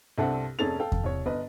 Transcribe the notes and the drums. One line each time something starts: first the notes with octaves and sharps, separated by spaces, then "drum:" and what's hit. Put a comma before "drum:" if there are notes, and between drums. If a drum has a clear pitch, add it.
C2 G2 C4 A4 E5 F#5
F1 C#4 G#4 A4 A6 F7
A4 F5 G5
drum: kick E2
C2 C#5
G1 B4 D#5